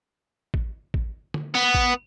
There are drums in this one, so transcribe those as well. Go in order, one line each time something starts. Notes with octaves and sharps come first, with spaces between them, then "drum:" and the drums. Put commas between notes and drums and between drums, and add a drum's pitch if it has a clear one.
drum: kick
drum: kick
drum: tom D3
B3
drum: kick